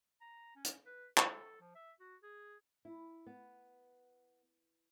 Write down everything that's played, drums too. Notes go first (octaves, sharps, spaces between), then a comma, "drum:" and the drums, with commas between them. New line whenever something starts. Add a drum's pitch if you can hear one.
A#5
C#4
drum: hi-hat
B4
A4, drum: clap
F3
E5
F#4
G#4
E4
B3